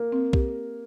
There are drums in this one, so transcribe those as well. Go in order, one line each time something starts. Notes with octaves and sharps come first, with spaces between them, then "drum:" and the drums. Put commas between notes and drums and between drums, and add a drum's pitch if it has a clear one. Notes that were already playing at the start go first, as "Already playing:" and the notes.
Already playing: A#3
C4
G4, drum: kick B1